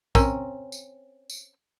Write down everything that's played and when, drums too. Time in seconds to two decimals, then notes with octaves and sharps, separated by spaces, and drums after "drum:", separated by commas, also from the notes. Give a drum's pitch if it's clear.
0.15 C4 C#4 A#4, drum: kick, tambourine
0.72 drum: tambourine
1.30 drum: tambourine